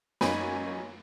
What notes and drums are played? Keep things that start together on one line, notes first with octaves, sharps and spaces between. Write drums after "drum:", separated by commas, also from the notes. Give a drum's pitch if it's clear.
F#2 A#3 D#4 C#5 G#5 B5, drum: snare